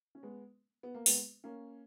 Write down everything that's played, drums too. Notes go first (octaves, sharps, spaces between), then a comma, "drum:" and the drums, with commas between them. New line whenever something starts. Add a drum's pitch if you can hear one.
C#4
G#3 B3
B3
A#3
G#3 B3, drum: open hi-hat
A#3 C#4